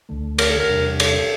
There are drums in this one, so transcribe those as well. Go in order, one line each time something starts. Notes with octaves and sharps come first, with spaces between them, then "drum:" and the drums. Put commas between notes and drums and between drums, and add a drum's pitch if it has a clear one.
D2 D3 A3
A#4, drum: cymbal
A4
A#4
E2 C3 G3 D4
A4, drum: cymbal